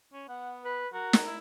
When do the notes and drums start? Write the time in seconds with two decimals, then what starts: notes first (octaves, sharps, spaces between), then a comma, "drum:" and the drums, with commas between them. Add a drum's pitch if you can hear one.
0.13 C#4
0.28 B3 F#5
0.65 B4
0.93 F#4 A#4
1.13 drum: snare
1.26 E4